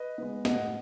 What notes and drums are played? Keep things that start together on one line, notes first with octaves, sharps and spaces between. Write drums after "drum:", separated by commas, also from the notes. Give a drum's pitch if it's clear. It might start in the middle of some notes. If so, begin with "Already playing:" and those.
Already playing: B4 D#5
G#3 B3
A2 D#5 F#5, drum: snare